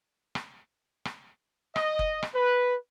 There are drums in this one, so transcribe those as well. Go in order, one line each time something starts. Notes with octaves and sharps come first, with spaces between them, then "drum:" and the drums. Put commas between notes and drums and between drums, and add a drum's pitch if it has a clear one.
drum: rim click
drum: rim click
D#5, drum: rim click
drum: kick F#1
drum: rim click
B4